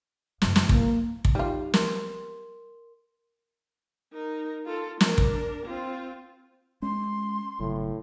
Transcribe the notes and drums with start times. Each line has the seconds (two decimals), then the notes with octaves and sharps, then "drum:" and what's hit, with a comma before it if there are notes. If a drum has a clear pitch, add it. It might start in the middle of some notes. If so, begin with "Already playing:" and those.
0.42 F#2 C#3, drum: snare
0.56 drum: snare
0.69 A#3 E4, drum: kick
1.25 drum: kick
1.35 G3 D#4 F4
1.74 A#4 C6, drum: snare
4.13 D#4 A#4
4.65 F4 A4
5.01 D4 A#4, drum: snare
5.18 drum: kick
5.66 C4 F4
6.82 G#3 C#4 C6
7.60 G1 A2 C#3 F#3